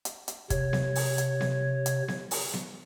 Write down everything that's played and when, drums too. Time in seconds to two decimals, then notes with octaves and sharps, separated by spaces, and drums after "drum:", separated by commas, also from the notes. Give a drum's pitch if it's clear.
0.05 drum: hi-hat
0.28 drum: hi-hat
0.50 C3 C#5, drum: kick, hi-hat
0.73 drum: snare B3
0.95 drum: open hi-hat
1.18 drum: hi-hat
1.41 drum: snare B3
1.86 drum: hi-hat
2.08 drum: snare B3
2.31 drum: open hi-hat
2.53 drum: snare B3